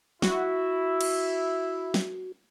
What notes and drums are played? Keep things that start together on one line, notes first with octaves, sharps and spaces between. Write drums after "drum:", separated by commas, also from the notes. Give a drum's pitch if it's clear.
E4 F#4 E5, drum: snare
drum: cymbal
drum: snare